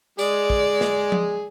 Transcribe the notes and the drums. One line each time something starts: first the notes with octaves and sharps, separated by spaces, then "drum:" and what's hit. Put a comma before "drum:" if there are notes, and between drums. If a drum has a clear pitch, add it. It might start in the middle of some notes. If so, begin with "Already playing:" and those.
G#3 G#4 D5, drum: tambourine
drum: kick
drum: snare
drum: tom F3